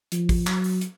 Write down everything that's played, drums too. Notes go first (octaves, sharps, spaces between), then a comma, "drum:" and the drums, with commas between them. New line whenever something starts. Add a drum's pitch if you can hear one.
F3, drum: hi-hat
drum: kick, open hi-hat
F#3, drum: clap
drum: open hi-hat
drum: hi-hat